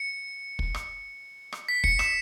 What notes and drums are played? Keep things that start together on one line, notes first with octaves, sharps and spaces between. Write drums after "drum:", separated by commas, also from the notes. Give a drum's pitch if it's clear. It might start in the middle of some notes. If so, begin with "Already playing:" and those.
Already playing: C#7
drum: kick
drum: rim click
drum: rim click
B6
C#7, drum: kick
E7, drum: rim click